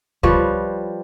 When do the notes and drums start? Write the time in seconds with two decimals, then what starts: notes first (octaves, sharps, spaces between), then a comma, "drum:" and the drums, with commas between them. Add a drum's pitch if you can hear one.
0.23 F3 G3 B4 C#5, drum: kick C#2